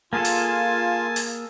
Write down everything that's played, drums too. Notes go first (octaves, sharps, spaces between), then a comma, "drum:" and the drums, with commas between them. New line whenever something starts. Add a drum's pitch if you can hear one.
A#3 F4 G#4 A4 G#5 A5
drum: open hi-hat
drum: open hi-hat